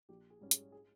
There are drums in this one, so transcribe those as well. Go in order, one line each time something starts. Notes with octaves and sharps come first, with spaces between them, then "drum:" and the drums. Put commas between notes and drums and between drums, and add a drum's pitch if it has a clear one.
A#1 G4
G#4
G#2 G3 C#4
G#4, drum: hi-hat
G#4